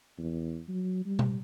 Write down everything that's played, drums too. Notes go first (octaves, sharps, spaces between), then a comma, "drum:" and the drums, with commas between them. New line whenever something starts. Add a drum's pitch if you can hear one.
E2
F#3
G3
drum: tom B2